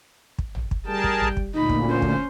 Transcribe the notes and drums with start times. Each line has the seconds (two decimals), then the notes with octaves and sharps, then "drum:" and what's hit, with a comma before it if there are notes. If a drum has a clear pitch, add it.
0.38 drum: kick
0.55 drum: tom
0.71 drum: kick
0.86 G3 G#4 A#4 G5 A5
1.04 drum: kick
1.20 drum: tom
1.37 drum: kick
1.54 D2 A#2 D#4 B5
1.69 drum: kick
1.86 C#4 C5
2.02 drum: kick